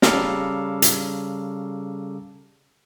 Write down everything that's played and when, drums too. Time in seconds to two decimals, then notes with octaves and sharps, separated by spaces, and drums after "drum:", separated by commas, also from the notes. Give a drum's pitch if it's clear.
0.02 C#3 G3 A4 F5 A#5 D6, drum: snare
0.82 drum: hi-hat